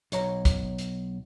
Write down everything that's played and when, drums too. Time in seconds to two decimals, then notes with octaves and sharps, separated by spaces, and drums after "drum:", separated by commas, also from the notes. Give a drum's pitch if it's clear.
0.12 B1 C#5 A#5, drum: hi-hat
0.45 drum: kick, hi-hat
0.78 drum: hi-hat